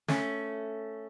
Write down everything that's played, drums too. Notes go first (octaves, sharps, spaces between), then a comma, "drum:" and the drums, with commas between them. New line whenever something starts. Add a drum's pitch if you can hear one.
A3 C#4, drum: snare